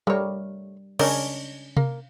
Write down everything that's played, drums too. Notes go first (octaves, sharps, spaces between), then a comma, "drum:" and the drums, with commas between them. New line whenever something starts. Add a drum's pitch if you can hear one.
G3 A3 A#4 C#5
C#3 C#4 D4 A#4 D#5, drum: cymbal
A#3, drum: tom C3